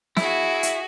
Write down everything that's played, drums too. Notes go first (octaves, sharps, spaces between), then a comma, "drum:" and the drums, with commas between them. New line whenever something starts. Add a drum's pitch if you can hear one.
E4 F#4 G#4, drum: snare
drum: hi-hat